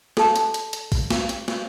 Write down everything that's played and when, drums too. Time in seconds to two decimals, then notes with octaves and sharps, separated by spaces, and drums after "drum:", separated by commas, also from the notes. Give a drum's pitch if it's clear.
0.17 A4 A5, drum: snare
0.36 drum: hi-hat
0.54 drum: hi-hat
0.73 drum: hi-hat
0.92 drum: kick A1, open hi-hat
1.10 drum: snare
1.29 drum: hi-hat
1.48 drum: snare